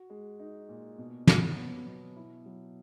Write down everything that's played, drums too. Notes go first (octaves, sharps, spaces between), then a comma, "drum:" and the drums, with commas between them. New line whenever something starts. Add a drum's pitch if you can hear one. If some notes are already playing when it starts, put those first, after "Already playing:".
Already playing: F#4
G#3
D#4
A#2
B2
F#3, drum: snare
B3
B2
E4
F#3